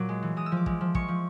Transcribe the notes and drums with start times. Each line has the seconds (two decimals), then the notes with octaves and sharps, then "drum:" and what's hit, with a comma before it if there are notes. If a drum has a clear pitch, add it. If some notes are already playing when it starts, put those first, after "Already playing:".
Already playing: A#2 F#3 D6
0.09 G#3
0.23 E3
0.36 G#3 D#6
0.46 E6
0.52 F3 D6
0.66 G#3, drum: kick
0.81 F3
0.95 G#3 C#6, drum: kick
1.08 F3